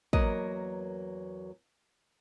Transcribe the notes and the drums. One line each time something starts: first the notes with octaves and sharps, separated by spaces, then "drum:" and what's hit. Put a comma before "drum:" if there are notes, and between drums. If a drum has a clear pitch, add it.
E2 F#3 A#3 A#4 B4 D#5, drum: kick